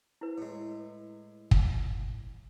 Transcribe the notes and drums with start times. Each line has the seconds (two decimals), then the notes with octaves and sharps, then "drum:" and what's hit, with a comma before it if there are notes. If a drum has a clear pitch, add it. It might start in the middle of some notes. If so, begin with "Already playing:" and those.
0.21 E4 B4
0.38 A2 G#3
1.51 drum: kick